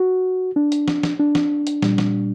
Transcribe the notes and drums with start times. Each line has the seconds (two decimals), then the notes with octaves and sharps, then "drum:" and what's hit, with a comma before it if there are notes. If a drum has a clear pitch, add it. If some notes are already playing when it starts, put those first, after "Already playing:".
Already playing: F#4
0.56 D4
0.72 drum: hi-hat
0.88 drum: snare
1.03 drum: snare
1.20 D4
1.35 drum: snare
1.67 drum: hi-hat
1.82 A#2 G3, drum: snare
1.98 drum: snare